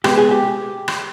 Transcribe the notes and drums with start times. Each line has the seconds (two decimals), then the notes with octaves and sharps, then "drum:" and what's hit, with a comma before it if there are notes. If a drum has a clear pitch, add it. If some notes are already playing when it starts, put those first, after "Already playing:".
0.04 B2 G#3 B3 G4, drum: rim click
0.17 G#4
0.31 G4
0.88 drum: rim click